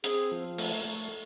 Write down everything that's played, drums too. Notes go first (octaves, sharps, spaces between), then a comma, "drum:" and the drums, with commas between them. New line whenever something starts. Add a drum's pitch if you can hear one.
C4 G#4, drum: hi-hat
F3
A3, drum: open hi-hat
A3